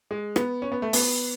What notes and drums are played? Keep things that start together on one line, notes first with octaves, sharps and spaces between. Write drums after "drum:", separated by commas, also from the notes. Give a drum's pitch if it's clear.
G#3
B3, drum: rim click
C#4
B3
A3
B3, drum: open hi-hat